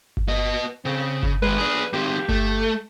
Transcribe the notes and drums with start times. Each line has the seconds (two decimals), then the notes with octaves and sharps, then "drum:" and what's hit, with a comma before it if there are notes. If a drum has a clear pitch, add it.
0.17 drum: kick G1
0.28 B3 D#5
0.85 C#3 C4
1.23 drum: kick G1
1.42 D#3 G#3 B4
1.58 D4 G#4
1.93 D#3 C4 G4
2.29 A3, drum: kick G1